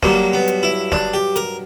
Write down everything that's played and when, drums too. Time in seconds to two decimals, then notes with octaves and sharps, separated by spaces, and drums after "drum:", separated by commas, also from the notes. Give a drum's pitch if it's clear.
0.03 G2 F#3 A#3, drum: snare
0.33 B3
0.48 drum: hi-hat
0.63 E4
0.92 D4, drum: snare
1.14 G4
1.36 A#4, drum: hi-hat